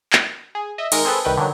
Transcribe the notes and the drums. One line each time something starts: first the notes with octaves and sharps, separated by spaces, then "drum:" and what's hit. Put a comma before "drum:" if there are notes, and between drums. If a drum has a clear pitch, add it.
drum: clap
G#4
D#5 E5
D#3 G#3 A#4, drum: cymbal
C4 G#4 A4 B4
C2 D#3 B4 G5
D3 D#3 F#3